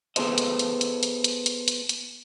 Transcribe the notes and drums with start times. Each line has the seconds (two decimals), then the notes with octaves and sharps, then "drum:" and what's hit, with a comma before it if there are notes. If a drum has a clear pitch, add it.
0.16 B3 G#4 A4 C5 D#5, drum: hi-hat
0.38 drum: hi-hat
0.59 drum: hi-hat
0.81 drum: hi-hat
1.03 drum: hi-hat
1.24 drum: hi-hat
1.46 drum: hi-hat
1.68 drum: hi-hat
1.89 drum: hi-hat